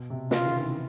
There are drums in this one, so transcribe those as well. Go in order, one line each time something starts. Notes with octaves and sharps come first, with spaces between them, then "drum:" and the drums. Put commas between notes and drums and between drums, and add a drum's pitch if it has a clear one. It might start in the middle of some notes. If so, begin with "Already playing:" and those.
Already playing: B2
C3
C#3 F4, drum: snare
D#3
E3